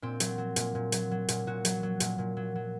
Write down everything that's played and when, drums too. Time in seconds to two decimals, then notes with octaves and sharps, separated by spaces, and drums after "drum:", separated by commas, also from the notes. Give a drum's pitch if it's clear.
0.02 A#2 C4
0.20 F#3, drum: hi-hat
0.38 F#3
0.56 A#2, drum: hi-hat
0.75 A#2
0.92 F#3, drum: hi-hat
1.11 F#3
1.28 A#2, drum: hi-hat
1.47 A#2 F#4
1.65 F#3, drum: hi-hat
1.83 F#3
2.00 A#2, drum: hi-hat
2.18 A#2
2.37 F#3
2.55 F#3